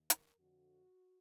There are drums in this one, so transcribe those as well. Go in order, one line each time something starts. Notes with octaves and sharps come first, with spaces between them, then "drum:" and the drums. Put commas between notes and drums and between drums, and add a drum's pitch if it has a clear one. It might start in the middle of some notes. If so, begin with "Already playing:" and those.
Already playing: D#2 D#3
A#4, drum: hi-hat
F2 D3 F#4